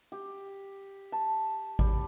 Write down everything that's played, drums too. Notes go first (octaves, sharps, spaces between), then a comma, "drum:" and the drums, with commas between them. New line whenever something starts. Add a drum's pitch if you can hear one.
G4
A5
G3, drum: kick G#1